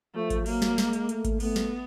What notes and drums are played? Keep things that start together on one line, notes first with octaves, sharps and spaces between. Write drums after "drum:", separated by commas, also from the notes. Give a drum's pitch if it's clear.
F3 A3
drum: kick G#1, hi-hat
F#3 A#3, drum: open hi-hat
drum: snare
G#3, drum: snare
drum: hi-hat
A3, drum: hi-hat
drum: kick G#1, hi-hat
A3 B3, drum: open hi-hat
drum: snare